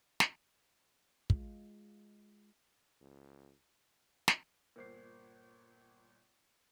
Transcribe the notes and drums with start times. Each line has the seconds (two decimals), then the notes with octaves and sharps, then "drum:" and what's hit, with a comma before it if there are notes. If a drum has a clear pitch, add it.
0.20 drum: snare
1.30 G#3 F4, drum: kick
3.01 C#2
4.28 drum: snare
4.76 G1 A#2 A#4 C5 C7